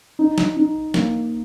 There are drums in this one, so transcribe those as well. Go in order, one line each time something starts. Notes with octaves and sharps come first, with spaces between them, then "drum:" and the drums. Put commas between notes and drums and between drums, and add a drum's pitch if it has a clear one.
D#4
drum: snare
D#4
A#3, drum: snare